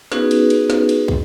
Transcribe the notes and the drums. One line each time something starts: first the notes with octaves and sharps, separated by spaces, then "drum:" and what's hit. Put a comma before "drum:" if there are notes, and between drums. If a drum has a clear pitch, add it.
B3 C#4 D#4 F#4 G#4 B4, drum: snare
drum: cymbal
drum: cymbal
drum: snare
drum: cymbal
drum: kick